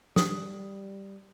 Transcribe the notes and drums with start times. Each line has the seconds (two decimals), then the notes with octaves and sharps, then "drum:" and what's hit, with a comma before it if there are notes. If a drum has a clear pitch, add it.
0.16 G3 D#6, drum: snare